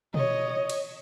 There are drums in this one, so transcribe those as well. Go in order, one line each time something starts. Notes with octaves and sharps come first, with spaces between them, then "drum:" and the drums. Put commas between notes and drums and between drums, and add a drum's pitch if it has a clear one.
C#5 D#5, drum: tom B2
drum: cymbal